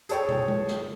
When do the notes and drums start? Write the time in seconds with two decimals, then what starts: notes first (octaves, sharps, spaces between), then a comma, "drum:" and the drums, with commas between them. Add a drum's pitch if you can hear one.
0.09 G#4 A4 C#5 G5, drum: hi-hat
0.29 drum: tom
0.48 drum: tom G#3
0.67 drum: snare